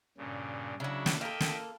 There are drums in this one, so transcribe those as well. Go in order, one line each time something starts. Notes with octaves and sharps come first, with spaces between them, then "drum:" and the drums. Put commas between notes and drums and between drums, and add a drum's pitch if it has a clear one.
G2 A#2 C#3
C#3 F#3 D4 E4
drum: snare
A#3 A4 D#5 E5 G5
drum: snare